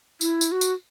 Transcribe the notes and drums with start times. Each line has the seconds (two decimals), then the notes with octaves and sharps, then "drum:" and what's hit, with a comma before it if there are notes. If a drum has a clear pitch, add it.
0.21 E4, drum: tambourine
0.41 drum: tambourine
0.52 F#4
0.61 drum: tambourine